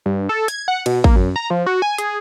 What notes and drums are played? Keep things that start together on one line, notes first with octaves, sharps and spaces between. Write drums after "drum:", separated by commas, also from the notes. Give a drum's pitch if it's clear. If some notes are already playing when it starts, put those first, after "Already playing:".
G2
A4
G#6, drum: hi-hat
F#5
B2, drum: cymbal
A#3, drum: kick A1
F#2
A#5
F3
F#4
G#5
G#4, drum: hi-hat